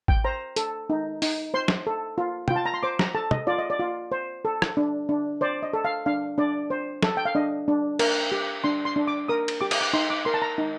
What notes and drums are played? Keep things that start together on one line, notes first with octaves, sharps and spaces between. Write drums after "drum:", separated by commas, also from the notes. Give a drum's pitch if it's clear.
G5, drum: kick G#1
C5 A#5
A4, drum: hi-hat
D#4
D#4, drum: open hi-hat
C5 C6
drum: snare
A4
F4
F4 G5, drum: tom
A5
A#5
C6
C5 D6
A#5, drum: snare
A4 A5
D#5, drum: tom
F4 D5
D#5
D5
F4
C5
A4
drum: rim click
D4
D4
C5 D5
D#5
A4
F5
D4 F5
D4 D5
C5
A4, drum: snare
G5
F5
D4 D#5
D4
A#4, drum: cymbal
G4
D4 C6
C6
D4
D6
A#4 D#6
drum: cymbal
G4 D6
D#6, drum: cymbal
D6
D#4 C6
D6
A#4 C6
A5
A#5
D#4